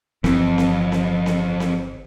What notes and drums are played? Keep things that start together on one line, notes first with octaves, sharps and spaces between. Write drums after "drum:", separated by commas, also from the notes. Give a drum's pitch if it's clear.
G1 F2 E3 C4, drum: snare C4
drum: snare C4
drum: snare C4
drum: snare C4
drum: snare C4